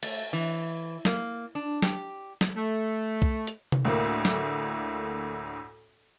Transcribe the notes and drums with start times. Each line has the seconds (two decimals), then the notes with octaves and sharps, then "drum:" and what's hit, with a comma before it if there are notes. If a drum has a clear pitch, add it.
0.03 A3, drum: cymbal
0.33 E3
1.05 A#3, drum: snare
1.55 D4
1.82 G4, drum: snare
2.41 drum: snare
2.56 A3
3.22 drum: kick B1
3.47 drum: hi-hat
3.72 drum: tom C3
3.85 D2 A2 A#3
4.25 drum: snare